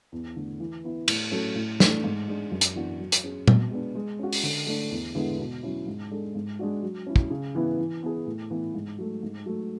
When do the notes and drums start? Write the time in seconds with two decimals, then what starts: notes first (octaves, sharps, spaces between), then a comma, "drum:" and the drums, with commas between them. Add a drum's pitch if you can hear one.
0.12 E2
0.36 D3 A3
0.60 E3
0.84 B3 E4
1.08 A2, drum: cymbal
1.32 F#3 A3 C#4
1.55 A2
1.80 E3 A3 D4, drum: snare
2.04 G#2
2.28 G#3 D4
2.51 F#2
2.61 drum: hi-hat
2.75 E3 B3 D4 F#4
3.00 F#3
3.12 drum: hi-hat
3.24 C#4 G#4
3.48 B2, drum: tom A#2
3.71 G#3 B3 D4
3.95 G#3
4.19 C#4 F#4
4.33 drum: open hi-hat
4.43 D3
4.67 A3 D4
4.91 E2
5.15 D3 G#3 B3 E4
5.39 B2
5.63 F#3 C#4 E4
5.87 G#2
6.11 G#3 D4 A4
6.35 G#2
6.59 G#3 D4 F#4
6.83 F#3
7.07 C#4 E4
7.16 drum: kick
7.30 C#3
7.55 E3 B3 E4
7.78 E3
8.03 B3 E4 G#4
8.26 A2
8.50 E3 B3 E4
8.74 G#2
8.98 F#3 A3
9.23 G#2
9.46 F#3 A3